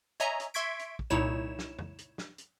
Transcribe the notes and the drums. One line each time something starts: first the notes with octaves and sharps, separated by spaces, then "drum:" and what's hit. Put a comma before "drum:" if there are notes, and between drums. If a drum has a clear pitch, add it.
C#5 D#5 E5 G#5 A#5
drum: hi-hat
E5 C6 C#6 G#6 B6 D7
drum: hi-hat
drum: kick
C2 A#2 D#4 E4 C#5 E7
drum: snare
drum: tom F2
drum: hi-hat
drum: snare
drum: hi-hat